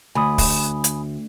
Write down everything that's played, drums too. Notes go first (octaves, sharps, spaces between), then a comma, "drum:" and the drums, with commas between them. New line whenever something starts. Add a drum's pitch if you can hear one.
D2 G#5 B5 D#6
drum: kick, open hi-hat
drum: hi-hat